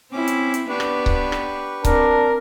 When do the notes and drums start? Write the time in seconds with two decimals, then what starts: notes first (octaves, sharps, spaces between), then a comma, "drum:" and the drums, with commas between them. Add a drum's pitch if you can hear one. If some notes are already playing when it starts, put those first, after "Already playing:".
0.12 C4 C#4 E4 D6
0.28 drum: hi-hat
0.54 drum: hi-hat
0.69 B3 D4 G4 B4 C#6
0.80 drum: rim click
1.06 drum: kick C#1
1.32 drum: rim click
1.85 C4 D4 A#4, drum: kick C#1, hi-hat